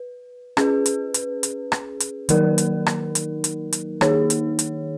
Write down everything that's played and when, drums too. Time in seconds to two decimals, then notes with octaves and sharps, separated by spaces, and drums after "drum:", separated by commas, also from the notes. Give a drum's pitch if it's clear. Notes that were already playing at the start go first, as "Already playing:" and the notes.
Already playing: B4
0.57 C#4 G#4 B4, drum: rim click
0.86 drum: hi-hat
1.14 drum: hi-hat
1.43 drum: hi-hat
1.72 drum: rim click
2.00 drum: hi-hat
2.29 D#3 F#3 A#3 D#4 A#4, drum: hi-hat
2.58 drum: hi-hat
2.86 drum: rim click
3.15 drum: hi-hat
3.44 drum: hi-hat
3.73 drum: hi-hat
4.01 D#3 A#3 D#4 G#4 C#5, drum: rim click
4.30 drum: hi-hat
4.59 drum: hi-hat